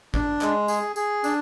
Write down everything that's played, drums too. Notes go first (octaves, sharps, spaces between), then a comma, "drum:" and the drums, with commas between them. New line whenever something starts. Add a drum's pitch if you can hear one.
D4, drum: kick
G#3, drum: clap
G#4, drum: tambourine
G#4, drum: tambourine
D4, drum: tambourine